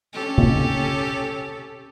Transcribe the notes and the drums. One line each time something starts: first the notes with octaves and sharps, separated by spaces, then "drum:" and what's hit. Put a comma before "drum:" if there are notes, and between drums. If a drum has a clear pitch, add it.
C#4 G4 A4
drum: tom C#3